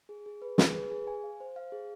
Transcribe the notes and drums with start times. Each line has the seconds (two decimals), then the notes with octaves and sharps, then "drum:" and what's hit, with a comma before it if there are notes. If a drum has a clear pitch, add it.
0.09 G#4
0.26 G#4
0.42 B4
0.58 G#4, drum: snare
0.75 B4
0.91 G#4
1.07 G#5
1.24 F5
1.40 C5
1.56 F5
1.72 G#4